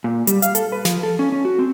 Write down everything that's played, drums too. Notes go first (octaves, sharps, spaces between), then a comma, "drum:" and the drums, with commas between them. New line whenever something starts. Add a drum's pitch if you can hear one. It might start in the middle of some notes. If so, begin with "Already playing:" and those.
A#2
G3, drum: hi-hat
F5, drum: hi-hat
A4, drum: hi-hat
B4
F3, drum: snare
A4
C#4
C#4
F#4
C4